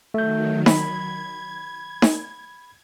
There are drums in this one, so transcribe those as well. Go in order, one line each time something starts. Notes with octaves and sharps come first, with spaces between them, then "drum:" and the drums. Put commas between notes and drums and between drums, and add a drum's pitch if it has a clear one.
D#3 F#3 A3 G6
B5 G#6, drum: snare D#4
drum: snare D#4